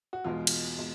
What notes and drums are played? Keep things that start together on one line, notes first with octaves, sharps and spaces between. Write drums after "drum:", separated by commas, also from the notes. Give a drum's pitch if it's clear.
F#4
E2 B2 G#3 F4
drum: cymbal
B2 G#3